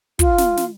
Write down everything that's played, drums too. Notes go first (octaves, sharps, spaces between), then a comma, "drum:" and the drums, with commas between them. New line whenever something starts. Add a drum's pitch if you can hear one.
F4, drum: kick, hi-hat
drum: snare
drum: snare